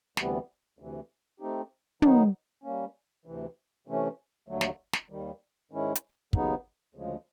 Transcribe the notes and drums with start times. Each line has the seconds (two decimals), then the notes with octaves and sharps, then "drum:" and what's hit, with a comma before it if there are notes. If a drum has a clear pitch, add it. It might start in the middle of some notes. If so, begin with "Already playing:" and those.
0.17 D2 C3 E3 G3 B3, drum: snare
0.79 D2 C3 E3
1.40 A3 C4 D#4 G4
2.02 D#3 F#3 B3 D#4, drum: tom
2.64 G3 A#3 C#4
3.25 D2 C3 E3
3.87 C3 E3 A3 C#4
4.49 D#2 D3 F#3 A3
4.61 drum: snare
4.93 drum: snare
5.10 D#2 D#3 G3
5.71 G#2 D#3 G#3 C#4 E4
5.95 drum: hi-hat
6.33 D#2 C#3 F#3 B3 D#4, drum: kick
6.95 D2 C#3 F3 G#3